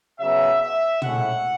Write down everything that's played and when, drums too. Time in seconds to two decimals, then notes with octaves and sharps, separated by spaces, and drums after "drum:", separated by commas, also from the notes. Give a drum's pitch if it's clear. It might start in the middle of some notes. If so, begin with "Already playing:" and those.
0.19 C#3 F#3 B3 E5
0.61 E5
1.02 A2 G#3 C#4 F#5, drum: tom